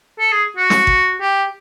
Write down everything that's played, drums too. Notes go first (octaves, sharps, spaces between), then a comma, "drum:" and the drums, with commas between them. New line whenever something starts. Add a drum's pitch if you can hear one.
A4
G#4
F#4
drum: snare
drum: kick G#1
G4